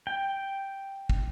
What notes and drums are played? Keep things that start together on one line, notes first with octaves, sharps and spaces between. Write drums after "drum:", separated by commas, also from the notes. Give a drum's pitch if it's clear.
G5
drum: kick